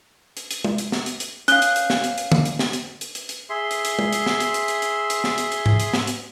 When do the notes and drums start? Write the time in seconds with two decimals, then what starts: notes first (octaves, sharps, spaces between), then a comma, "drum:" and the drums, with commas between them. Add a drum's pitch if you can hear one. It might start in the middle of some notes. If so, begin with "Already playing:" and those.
0.37 drum: hi-hat
0.51 drum: hi-hat
0.64 drum: tom
0.78 drum: hi-hat
0.92 drum: snare
1.06 drum: hi-hat
1.20 drum: hi-hat
1.48 C#4 F5 F#6 G7, drum: hi-hat
1.62 drum: hi-hat
1.76 drum: hi-hat
1.90 drum: snare
2.04 drum: hi-hat
2.18 drum: hi-hat
2.32 drum: tom D3
2.45 drum: hi-hat
2.59 drum: snare
2.73 drum: hi-hat
3.01 drum: hi-hat
3.15 drum: hi-hat
3.29 drum: hi-hat
3.50 G#4 E5 C6
3.71 drum: hi-hat
3.85 drum: hi-hat
3.99 drum: tom
4.13 drum: hi-hat
4.26 drum: snare
4.40 drum: hi-hat
4.54 drum: hi-hat
4.68 drum: hi-hat
4.82 drum: hi-hat
5.10 drum: hi-hat
5.24 drum: snare
5.38 drum: hi-hat
5.52 drum: hi-hat
5.66 drum: tom G#2
5.80 drum: hi-hat
5.94 drum: snare
6.07 drum: hi-hat